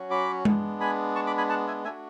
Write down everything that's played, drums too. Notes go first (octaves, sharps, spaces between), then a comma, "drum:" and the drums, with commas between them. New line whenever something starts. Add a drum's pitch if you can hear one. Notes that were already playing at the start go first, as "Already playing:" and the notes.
Already playing: F#3 C#4 F#4
B5 D6
G#3 B3 D4, drum: tom G#3
G#5 B5
A5 C#6
B5 D6
G#5 B5
F#5 A5
E5 G#5
A3 D4 F#4 E5 G#5